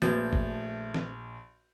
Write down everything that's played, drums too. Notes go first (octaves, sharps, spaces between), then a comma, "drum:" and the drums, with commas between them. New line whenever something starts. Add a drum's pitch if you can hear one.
A#1 A3 A#3 F#4 B4 G6 A6, drum: snare
drum: kick G#1
drum: snare